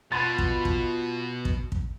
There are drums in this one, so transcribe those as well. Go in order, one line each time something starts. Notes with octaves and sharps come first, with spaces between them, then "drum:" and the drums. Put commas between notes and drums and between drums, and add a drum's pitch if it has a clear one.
B2 F4 B5 C6 A6
drum: kick
drum: kick
drum: kick
drum: kick